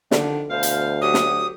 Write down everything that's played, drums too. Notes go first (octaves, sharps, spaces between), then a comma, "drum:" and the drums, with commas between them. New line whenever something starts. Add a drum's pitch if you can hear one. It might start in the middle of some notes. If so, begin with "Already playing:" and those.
D3 D#3 F3 D4, drum: snare
D2 B2 C5 F5
drum: hi-hat
F#3 G4 D#6
drum: snare